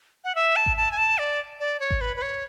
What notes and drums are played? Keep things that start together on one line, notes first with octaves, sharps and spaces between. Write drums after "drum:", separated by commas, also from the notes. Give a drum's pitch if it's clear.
F#5
E5
A5
drum: kick G#1
A5
G#5
A5
D5
D5
C#5
drum: kick G#1
B4
B4
C#5